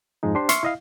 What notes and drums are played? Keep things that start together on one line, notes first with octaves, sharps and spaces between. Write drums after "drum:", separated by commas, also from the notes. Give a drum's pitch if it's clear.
F2 G#2 F3 G#3 D#4
D4 G4 C5 C6
E5 C6 C#6 F6, drum: hi-hat
E4 D#5 F5